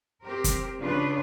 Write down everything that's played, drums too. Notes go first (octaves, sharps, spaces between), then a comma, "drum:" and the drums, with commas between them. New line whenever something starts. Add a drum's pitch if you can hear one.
C4 G4 A#4
drum: kick, hi-hat
C#3 D4 F4 B4